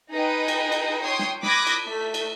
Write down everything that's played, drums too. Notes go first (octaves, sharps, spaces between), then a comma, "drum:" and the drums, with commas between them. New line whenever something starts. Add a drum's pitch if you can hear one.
D#4 G#4 B4 D#5 G5
drum: cymbal
drum: cymbal
C#5 G5 C6 D#6
drum: snare
B5 D6 D#6 F#6 G#6 A#6, drum: snare
drum: cymbal
A3 B6
drum: cymbal